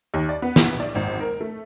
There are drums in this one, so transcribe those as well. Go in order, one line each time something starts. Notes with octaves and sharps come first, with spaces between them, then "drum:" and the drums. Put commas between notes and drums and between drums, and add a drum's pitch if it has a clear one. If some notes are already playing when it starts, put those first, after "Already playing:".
D#2
D5
B3
drum: snare
D5
G#1
A#4
A3